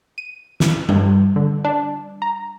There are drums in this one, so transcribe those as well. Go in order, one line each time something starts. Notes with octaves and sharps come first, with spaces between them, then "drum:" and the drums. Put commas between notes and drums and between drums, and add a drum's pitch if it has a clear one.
D#7
drum: snare
G2, drum: tom G3
D3
D4
A#5